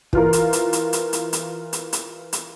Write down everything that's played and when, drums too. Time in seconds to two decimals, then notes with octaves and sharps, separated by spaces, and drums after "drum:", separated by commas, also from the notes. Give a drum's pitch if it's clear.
0.13 E3 F4 A#4, drum: kick
0.33 drum: hi-hat
0.53 drum: hi-hat
0.73 drum: hi-hat
0.93 drum: hi-hat
1.13 drum: hi-hat
1.33 drum: hi-hat
1.73 drum: hi-hat
1.93 drum: hi-hat
2.33 drum: hi-hat